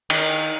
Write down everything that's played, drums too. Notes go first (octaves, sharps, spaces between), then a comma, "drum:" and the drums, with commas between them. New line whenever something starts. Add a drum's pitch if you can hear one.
D#3, drum: cymbal